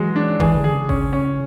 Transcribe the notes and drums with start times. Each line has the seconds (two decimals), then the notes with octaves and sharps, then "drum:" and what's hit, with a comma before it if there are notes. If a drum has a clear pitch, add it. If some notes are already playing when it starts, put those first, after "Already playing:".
Already playing: E3 F#3 G#3
0.16 D4
0.40 E3 G#4, drum: kick G#1
0.56 D3
0.64 G#4
0.73 C#3
0.89 C#4, drum: kick G#1
1.13 C#4